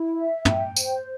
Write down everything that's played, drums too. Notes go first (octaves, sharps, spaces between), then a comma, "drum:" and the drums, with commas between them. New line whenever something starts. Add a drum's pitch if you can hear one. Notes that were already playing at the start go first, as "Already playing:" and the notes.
Already playing: E4
E5
G5, drum: tom
C5, drum: tambourine